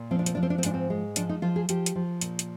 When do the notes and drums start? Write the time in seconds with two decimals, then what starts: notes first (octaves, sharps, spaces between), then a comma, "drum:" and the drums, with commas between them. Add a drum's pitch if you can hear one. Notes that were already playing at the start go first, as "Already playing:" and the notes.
Already playing: A#2
0.11 F3 C4
0.19 D4
0.26 C4, drum: hi-hat
0.35 F3 D4
0.43 C4
0.50 D4
0.58 C4
0.63 G#2 D4, drum: hi-hat
0.74 C4
0.90 G#3
1.16 F3 D4, drum: hi-hat
1.29 D#4
1.42 F3 F4
1.56 G#4
1.69 F3 G4, drum: hi-hat
1.86 drum: hi-hat
1.95 F3
2.21 A#2, drum: hi-hat
2.39 drum: hi-hat